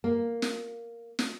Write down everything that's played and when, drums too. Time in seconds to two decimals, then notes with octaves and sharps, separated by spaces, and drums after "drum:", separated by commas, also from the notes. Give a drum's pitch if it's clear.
0.04 A#3
0.42 drum: snare
1.19 drum: snare